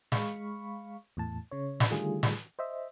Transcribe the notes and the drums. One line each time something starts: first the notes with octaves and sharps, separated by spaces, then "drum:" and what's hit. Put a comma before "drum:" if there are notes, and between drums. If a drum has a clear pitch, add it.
G#3 F5 B5 C#6, drum: snare
E2 A2 A5
C#3 C#5
drum: snare
D3 D#3 G3 A3 F4 G#4
drum: snare
C5 D#5 E5